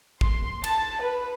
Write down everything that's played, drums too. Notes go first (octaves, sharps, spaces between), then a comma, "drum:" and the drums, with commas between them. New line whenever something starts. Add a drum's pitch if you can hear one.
C6, drum: kick
A5, drum: cymbal
B4